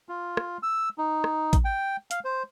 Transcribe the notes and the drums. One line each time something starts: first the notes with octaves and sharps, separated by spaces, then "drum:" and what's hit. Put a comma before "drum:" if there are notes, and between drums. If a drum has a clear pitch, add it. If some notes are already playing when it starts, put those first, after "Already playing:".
F4
drum: rim click
E6
D#4
drum: rim click
drum: kick, hi-hat
G5
F5, drum: hi-hat
C5